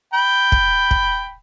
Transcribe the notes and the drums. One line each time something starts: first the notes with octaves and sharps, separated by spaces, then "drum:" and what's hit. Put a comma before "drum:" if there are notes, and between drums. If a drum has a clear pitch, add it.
G5 B5
drum: kick
drum: kick